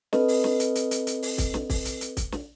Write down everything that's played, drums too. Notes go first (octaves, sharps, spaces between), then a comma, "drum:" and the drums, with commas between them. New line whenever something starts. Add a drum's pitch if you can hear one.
C4 A4 B4 D#5, drum: snare
drum: open hi-hat
drum: snare
drum: hi-hat
drum: hi-hat
drum: hi-hat
drum: hi-hat
drum: open hi-hat
drum: kick, hi-hat
drum: snare
drum: kick, open hi-hat
drum: hi-hat
drum: hi-hat
drum: kick, hi-hat
drum: snare